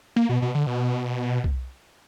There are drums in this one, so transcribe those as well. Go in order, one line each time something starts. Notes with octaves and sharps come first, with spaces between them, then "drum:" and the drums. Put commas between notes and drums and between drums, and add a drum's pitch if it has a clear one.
A#3
B2
B2
D3
B2
drum: kick